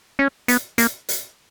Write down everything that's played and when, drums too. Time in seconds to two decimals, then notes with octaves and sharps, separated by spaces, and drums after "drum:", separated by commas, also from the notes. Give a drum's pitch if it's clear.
0.19 C#4
0.48 B3, drum: hi-hat
0.78 A#3, drum: hi-hat
1.09 drum: hi-hat